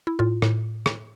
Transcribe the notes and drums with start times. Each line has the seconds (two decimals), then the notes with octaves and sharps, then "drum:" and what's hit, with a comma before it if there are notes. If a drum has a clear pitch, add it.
0.07 E4
0.19 A2 F4
0.42 A2, drum: rim click
0.86 drum: rim click